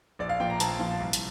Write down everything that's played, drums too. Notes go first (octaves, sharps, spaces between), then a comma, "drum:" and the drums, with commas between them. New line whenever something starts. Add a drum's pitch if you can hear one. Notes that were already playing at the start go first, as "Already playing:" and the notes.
A#1 D5
F5
A#2 F3 G5
A#5
A#1 A5, drum: hi-hat
A#2 F3
C2
drum: hi-hat